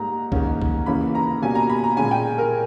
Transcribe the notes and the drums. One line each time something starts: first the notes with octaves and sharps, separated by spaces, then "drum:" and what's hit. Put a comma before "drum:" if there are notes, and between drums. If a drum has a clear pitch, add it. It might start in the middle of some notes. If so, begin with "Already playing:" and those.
Already playing: G#2 G3 A#3 A#5
G#2 D#3 A#3 C#4, drum: kick C#2
drum: kick C#2
C#3 E3 A#3 C#4 B5
A#5
B2 G3 A#3 C#4 G#5
A#5
B5
A#5
A#2 G#3 C#4 G#5
G5
A#4